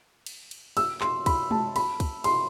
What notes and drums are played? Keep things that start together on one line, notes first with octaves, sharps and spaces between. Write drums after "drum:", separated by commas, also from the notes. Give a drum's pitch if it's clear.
drum: cymbal
drum: cymbal
E6, drum: cymbal
C6, drum: clap
B5, drum: kick, cymbal
A5, drum: tom G#3
B5, drum: cymbal
drum: kick, cymbal
C6, drum: cymbal